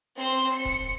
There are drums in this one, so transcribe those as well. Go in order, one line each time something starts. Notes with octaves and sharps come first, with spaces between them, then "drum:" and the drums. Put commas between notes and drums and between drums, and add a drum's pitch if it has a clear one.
C4 C5, drum: open hi-hat
drum: hi-hat
C#7
drum: kick E1, hi-hat